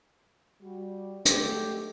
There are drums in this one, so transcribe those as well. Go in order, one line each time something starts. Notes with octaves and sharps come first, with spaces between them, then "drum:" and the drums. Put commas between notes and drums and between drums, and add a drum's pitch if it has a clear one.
G3 F#4
F#3 G#3 A3 G4, drum: hi-hat